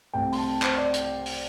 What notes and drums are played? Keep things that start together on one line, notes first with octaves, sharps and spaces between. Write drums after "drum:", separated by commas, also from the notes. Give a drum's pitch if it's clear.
C2 C3 A3 C4 G5
C6, drum: open hi-hat
A5
C5, drum: clap
D5
drum: hi-hat
drum: open hi-hat